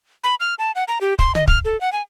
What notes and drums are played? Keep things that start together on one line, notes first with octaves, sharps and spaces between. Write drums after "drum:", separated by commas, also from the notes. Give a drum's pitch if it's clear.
B5
F6
A5
F#5
A#5
G4
C6, drum: kick
D#5, drum: tom
F6, drum: kick
A4
F#5
G#5